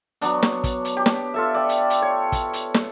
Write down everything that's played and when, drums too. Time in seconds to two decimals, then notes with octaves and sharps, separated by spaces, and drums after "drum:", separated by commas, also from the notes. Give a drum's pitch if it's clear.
0.21 F#3 B3 D4, drum: hi-hat
0.43 drum: snare
0.64 drum: kick, hi-hat
0.85 drum: hi-hat
0.97 G4
1.06 drum: snare
1.34 F4 A4 E5
1.54 D5 G5
1.69 drum: hi-hat
1.90 drum: hi-hat
2.02 C#5
2.32 drum: kick, hi-hat
2.53 drum: hi-hat
2.74 drum: snare